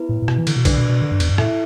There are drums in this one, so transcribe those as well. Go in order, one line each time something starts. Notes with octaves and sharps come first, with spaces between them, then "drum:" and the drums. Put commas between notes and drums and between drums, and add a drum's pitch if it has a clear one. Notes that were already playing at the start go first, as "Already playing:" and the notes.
Already playing: B3 E4 B4
A2
A2
B2, drum: rim click
E3
D3, drum: cymbal
B2
D3 D4 B4 D5, drum: kick, cymbal
B2
B2
D3
G2
E2, drum: cymbal
G2
A2 E4 A4 E5, drum: rim click